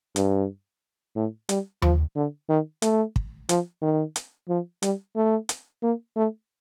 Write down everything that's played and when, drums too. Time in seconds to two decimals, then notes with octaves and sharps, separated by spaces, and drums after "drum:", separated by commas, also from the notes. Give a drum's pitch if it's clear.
0.16 G2, drum: hi-hat
1.16 A2
1.49 G3, drum: hi-hat
1.82 F3, drum: tom D#2
2.16 D3
2.49 D#3
2.82 A3, drum: hi-hat
3.16 drum: kick
3.49 F3, drum: hi-hat
3.82 D#3
4.16 drum: hi-hat
4.49 F3
4.82 G3, drum: hi-hat
5.16 A3
5.49 drum: hi-hat
5.83 A#3
6.16 A3